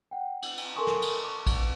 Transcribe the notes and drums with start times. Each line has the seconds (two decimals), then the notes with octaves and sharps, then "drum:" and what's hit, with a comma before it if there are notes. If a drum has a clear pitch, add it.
0.11 F#5 G5
0.42 F#7, drum: cymbal
0.57 drum: cymbal
0.76 A4 A#4 G#5 C6 C#6 D#6
0.87 drum: snare
1.02 drum: cymbal
1.24 C#6 D6
1.47 drum: kick, cymbal